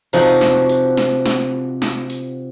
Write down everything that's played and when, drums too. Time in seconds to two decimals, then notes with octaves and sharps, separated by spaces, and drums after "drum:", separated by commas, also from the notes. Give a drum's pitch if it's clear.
0.13 C3 F3 D#4 F#4, drum: hi-hat
0.41 drum: snare
0.69 drum: hi-hat
0.97 drum: snare
1.26 drum: snare
1.82 drum: snare
2.10 drum: hi-hat